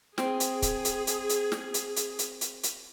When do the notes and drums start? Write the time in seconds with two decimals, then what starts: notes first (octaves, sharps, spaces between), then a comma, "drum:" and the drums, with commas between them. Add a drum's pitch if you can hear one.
0.18 C4 G#4, drum: snare
0.40 drum: hi-hat
0.62 drum: kick, hi-hat
0.85 drum: hi-hat
1.07 drum: hi-hat
1.29 drum: hi-hat
1.52 drum: snare
1.74 drum: hi-hat
1.96 drum: hi-hat
2.19 drum: hi-hat
2.41 drum: hi-hat
2.63 drum: hi-hat